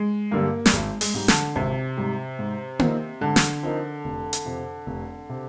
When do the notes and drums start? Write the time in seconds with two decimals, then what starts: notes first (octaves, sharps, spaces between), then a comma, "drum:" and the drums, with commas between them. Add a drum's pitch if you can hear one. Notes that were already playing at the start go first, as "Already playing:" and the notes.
Already playing: G#3
0.31 G2 D3 G3 A#3
0.66 G3, drum: snare
0.73 G#1 G#3
1.01 G#3, drum: open hi-hat
1.14 G#2 G3
1.28 D3, drum: snare
1.56 G#1 C3
1.97 G#2 G3
2.39 G#2
2.79 F3 C4 D#4 A#4, drum: tom A#3
3.21 G#2 D3
3.36 drum: snare
3.63 F3 C4 D#4 A#4
4.05 F1
4.33 drum: hi-hat
4.45 F2 C3
4.87 F1
5.29 C3